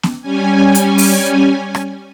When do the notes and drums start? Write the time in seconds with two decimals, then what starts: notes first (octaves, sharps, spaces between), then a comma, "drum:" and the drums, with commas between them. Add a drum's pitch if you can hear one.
0.03 drum: snare B3
0.22 G3 C#4 G#5
0.75 drum: hi-hat
0.98 drum: open hi-hat
1.75 drum: rim click